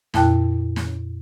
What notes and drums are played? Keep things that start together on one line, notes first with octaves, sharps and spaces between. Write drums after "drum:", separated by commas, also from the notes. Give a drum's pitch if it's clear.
F2 A#2 E4 G5 A5 F#6, drum: snare
drum: snare